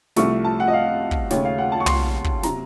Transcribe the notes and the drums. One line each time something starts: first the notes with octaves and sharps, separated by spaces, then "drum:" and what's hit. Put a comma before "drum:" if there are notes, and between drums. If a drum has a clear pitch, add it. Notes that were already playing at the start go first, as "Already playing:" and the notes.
C2 C3 F3 A3 C#6, drum: snare
A5
F#5
D#5
F5
drum: kick
D#2 C#3 A3 C#5, drum: snare
F5
F#5
A5
C#6
C6, drum: tom
drum: kick
C3 F#3 A#5, drum: snare